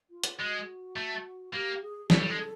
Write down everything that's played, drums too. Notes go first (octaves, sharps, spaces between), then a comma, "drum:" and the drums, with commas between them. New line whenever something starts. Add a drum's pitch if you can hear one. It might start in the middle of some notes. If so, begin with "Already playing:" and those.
F4
drum: hi-hat
G#3 F#4
A3
A#3 G4
G#4
A3 A4, drum: snare
G3
G#3